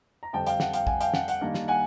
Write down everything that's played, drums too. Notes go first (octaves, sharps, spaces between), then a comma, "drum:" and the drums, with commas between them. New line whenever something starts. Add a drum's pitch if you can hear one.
A#5
F2 D3 G3 C4 G5 A5
F5 G5, drum: hi-hat
F#5, drum: snare
F5 G5, drum: hi-hat
F#5 G#5, drum: kick
F5 G5, drum: hi-hat
F#5, drum: snare
F#5, drum: hi-hat
D#3 G3 A#3 D4
drum: snare
F#5 G#5